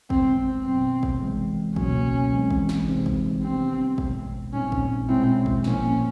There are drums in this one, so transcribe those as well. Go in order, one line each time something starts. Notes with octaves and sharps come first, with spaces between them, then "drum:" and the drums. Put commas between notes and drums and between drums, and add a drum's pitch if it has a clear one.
F#2 D#3 G#3 B3 C4, drum: kick
B2 F#3 B3 C4
drum: kick
C3 E3 G#3
C#2 B2 F#3 A#3 C#4, drum: kick
E3 G#3 C4
drum: kick
drum: snare
C3 E3 G#3 C4 D#4
drum: kick
D#3 G3 B3 C4 D4 G4
C2 B2 G#3, drum: kick
A#2 G3 C4 C#4 D#4
drum: kick
B2 G#3 C4 C#4 E4
drum: kick
A#2 F3 A#3 C#4, drum: snare